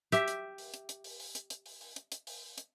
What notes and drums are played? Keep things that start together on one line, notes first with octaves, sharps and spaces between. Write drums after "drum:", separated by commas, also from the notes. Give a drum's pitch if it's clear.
G4 E5, drum: hi-hat
drum: hi-hat
drum: open hi-hat
drum: hi-hat
drum: hi-hat
drum: open hi-hat
drum: open hi-hat
drum: hi-hat
drum: hi-hat
drum: open hi-hat
drum: open hi-hat
drum: hi-hat
drum: hi-hat
drum: open hi-hat
drum: hi-hat